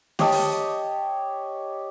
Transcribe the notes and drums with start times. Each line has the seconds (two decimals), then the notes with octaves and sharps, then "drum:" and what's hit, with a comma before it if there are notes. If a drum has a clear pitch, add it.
0.19 G4 C#5 D#5 A5, drum: snare
0.32 drum: open hi-hat